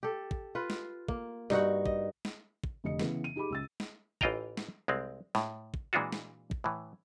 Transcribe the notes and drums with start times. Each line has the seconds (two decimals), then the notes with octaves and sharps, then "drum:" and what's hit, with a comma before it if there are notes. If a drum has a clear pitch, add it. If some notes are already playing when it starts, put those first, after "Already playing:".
0.03 G4 A4
0.31 drum: kick
0.55 F4 B4
0.70 drum: snare
1.08 A#3, drum: kick
1.50 G2 D#4 F#4 F#5, drum: snare
1.86 D#5, drum: kick
2.25 drum: snare
2.64 drum: kick
2.84 F1 D3 D#5 C#7
2.99 C#3 E3 B3, drum: snare
3.24 D#7
3.36 D#4 G4 G#4 B5 D6
3.50 C#2 E6 A6
3.80 drum: snare
4.21 A1 E3 F4 D#5 G5 A#5, drum: kick
4.57 drum: snare
4.88 C2 G#3 C4
5.35 A2, drum: snare
5.74 drum: kick
5.93 A#2 E3 G#3 D4 F4 F#4
6.12 drum: snare
6.51 drum: kick
6.64 A2 E3